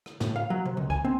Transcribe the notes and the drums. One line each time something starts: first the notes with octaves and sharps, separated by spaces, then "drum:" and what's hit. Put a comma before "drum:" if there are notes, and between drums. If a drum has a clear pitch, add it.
drum: rim click
A2, drum: snare
F5
F#3
C3
C#2
G#5, drum: kick C2
C4